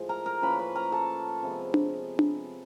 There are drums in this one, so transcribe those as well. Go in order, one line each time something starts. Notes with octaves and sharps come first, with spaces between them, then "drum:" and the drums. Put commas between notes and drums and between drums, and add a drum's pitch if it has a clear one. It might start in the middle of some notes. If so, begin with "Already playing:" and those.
Already playing: A2 F3 G#3
A#4 A#5
A#4 A#5
A2 F3 A#3 C#4 B4 B5
B4 B5
A#4 A#5
A4 A5
C3 F3 G#3 B3
drum: tom D4
drum: tom D4